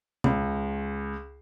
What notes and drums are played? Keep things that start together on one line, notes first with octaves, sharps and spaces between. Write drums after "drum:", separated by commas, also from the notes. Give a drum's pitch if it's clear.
C#2, drum: tom B2